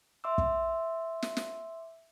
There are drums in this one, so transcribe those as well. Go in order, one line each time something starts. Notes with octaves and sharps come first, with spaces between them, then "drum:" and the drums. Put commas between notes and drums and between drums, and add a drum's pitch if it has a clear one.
E5 C6 D6 E6
drum: kick
drum: snare
drum: snare